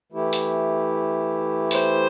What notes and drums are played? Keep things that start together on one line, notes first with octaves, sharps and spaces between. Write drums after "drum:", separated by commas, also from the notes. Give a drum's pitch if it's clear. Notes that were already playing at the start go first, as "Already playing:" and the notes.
E3 A3 E4 G4
drum: open hi-hat
C5, drum: open hi-hat